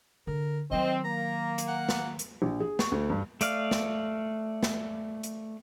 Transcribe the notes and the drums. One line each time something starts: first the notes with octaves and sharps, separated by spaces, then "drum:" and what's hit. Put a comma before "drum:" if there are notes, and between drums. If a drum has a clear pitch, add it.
D3 A#4
D#3 F#3 C4 D#5
A#3 A#5
drum: hi-hat
F#5
drum: snare
drum: hi-hat
A#1
G#4
C#6, drum: snare
D2
G2
A3 D5 F5, drum: hi-hat
drum: snare
drum: snare
drum: hi-hat